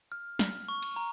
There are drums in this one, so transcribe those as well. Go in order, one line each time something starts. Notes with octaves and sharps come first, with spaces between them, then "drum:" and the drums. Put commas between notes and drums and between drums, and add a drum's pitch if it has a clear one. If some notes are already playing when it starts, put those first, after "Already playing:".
F6
F6, drum: snare
C#6
drum: cymbal
A#5